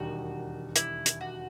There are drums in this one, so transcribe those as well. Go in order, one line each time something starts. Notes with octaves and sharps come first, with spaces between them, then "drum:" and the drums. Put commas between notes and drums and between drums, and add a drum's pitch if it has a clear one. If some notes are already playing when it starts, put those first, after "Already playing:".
Already playing: E1 D#2 D#3 G3 D#4 F#4
E4, drum: hi-hat
drum: hi-hat
F#4